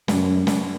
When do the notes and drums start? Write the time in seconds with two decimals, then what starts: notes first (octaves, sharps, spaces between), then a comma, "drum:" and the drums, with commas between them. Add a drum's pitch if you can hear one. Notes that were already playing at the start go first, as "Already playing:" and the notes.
0.08 F#2, drum: snare
0.47 drum: snare